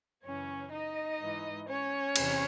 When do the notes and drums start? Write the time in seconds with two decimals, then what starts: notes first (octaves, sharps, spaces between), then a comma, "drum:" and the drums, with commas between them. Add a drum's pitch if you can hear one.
0.24 F#2 C#3 E3 C#4 C#5
0.72 D#4 D#5
1.20 G#2 E3
1.68 C#4 C#5
2.16 E2 C3, drum: cymbal